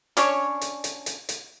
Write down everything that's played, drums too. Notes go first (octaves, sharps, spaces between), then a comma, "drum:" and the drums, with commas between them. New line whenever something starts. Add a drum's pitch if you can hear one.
C#4 D4 C#5, drum: hi-hat
drum: hi-hat
drum: hi-hat
drum: hi-hat
drum: hi-hat